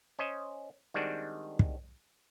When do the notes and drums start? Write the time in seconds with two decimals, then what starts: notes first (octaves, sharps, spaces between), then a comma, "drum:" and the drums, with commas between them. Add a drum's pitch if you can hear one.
0.19 C#4 C5 D#5
0.94 D#3 G3 G#3 C4 D4 F#4
1.59 drum: kick